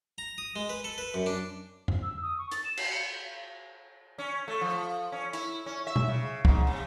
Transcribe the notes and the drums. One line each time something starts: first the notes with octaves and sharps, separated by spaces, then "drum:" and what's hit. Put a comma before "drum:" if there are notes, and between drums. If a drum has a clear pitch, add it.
A#5
D#6
G#3
B4
A4
B4
F#2
D4
drum: tom F2
E6
D#6
C#6
A6, drum: hi-hat
E7
C7, drum: cymbal
C#7
C#4
A3
F3
C#4
E4, drum: hi-hat
C#4
E5
drum: tom B2
C#3
G#2, drum: kick
C3